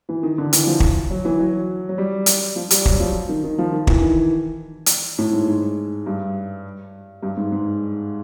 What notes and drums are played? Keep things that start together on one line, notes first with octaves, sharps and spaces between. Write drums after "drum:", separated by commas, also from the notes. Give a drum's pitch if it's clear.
E3
D#3
D3
E3, drum: hi-hat
F3
drum: kick
F#3
E3
F#3
F#3
G3
drum: hi-hat
F3
G3, drum: hi-hat
F#3, drum: kick
F3
D#3
D#3
F3
D#3
E3, drum: kick
D#3
drum: hi-hat
A2
G#2
G#2
G2
G2
G#2
G#2